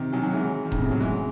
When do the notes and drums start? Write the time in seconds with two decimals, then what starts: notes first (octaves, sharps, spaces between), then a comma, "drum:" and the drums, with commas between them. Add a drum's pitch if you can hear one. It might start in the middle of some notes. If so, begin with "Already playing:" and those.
Already playing: C3 D#3
0.13 D#3 F#3
0.23 D#3 F#3
0.32 E3 G#3
0.65 D#3
0.72 A2 C#3, drum: kick D#1
0.82 C3
0.91 F#3
1.00 E3 G#3